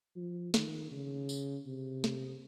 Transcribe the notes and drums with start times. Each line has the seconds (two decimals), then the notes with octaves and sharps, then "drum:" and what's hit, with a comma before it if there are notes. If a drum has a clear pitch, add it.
0.16 F3
0.54 D#3, drum: snare
0.92 C#3
1.29 drum: tambourine
1.67 C3
2.04 drum: snare